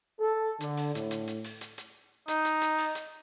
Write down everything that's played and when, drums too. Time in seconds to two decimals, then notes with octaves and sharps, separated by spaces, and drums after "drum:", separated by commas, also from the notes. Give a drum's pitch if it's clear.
0.20 A4
0.61 D3, drum: hi-hat
0.77 drum: open hi-hat
0.95 A2, drum: hi-hat
1.11 drum: hi-hat
1.28 drum: hi-hat
1.44 drum: open hi-hat
1.61 drum: hi-hat
1.78 drum: hi-hat
2.28 D#4, drum: hi-hat
2.45 drum: hi-hat
2.62 drum: hi-hat
2.78 drum: open hi-hat
2.95 drum: hi-hat